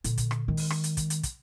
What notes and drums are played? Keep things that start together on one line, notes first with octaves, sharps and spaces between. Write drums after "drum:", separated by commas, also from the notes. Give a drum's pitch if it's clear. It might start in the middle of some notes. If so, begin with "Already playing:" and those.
A#2 D3, drum: hi-hat
drum: kick, hi-hat
drum: rim click
D#3 G#3
drum: open hi-hat
drum: rim click
drum: hi-hat
drum: kick, hi-hat
drum: hi-hat
drum: kick, hi-hat